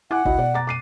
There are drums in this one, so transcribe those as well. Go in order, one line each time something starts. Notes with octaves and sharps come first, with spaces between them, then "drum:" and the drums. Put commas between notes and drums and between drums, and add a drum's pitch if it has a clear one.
E4 F#5 G#5 D6 F#6
C#2 E4 F#4 D#5, drum: kick G1
B2 D5
A#5 D6 A6
D6 C7 D#7